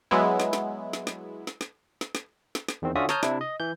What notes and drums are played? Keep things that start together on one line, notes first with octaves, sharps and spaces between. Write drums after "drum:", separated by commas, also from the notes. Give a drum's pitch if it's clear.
F#3 G#3 B3 E4
drum: snare
drum: snare
drum: snare
drum: snare
drum: snare
drum: snare
drum: snare
drum: snare
drum: snare
drum: snare
E2 D#3 C4
D3 C#4 F4 F#4 E5 D#6
C#5 A5 A#5 D#6 F6 G6, drum: snare
C3 D4 E4, drum: snare
D#5
E3 G6